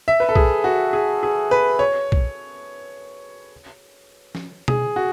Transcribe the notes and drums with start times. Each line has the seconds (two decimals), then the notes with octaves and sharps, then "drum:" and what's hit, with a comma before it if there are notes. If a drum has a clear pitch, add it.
0.08 E5
0.20 B4
0.29 A4
0.36 G#4, drum: kick B1
0.64 F#4
0.93 G#4
1.23 G#4
1.51 B4
1.79 C#5
2.12 drum: kick B1
4.35 drum: snare
4.68 G#4, drum: tom B2
4.96 F#4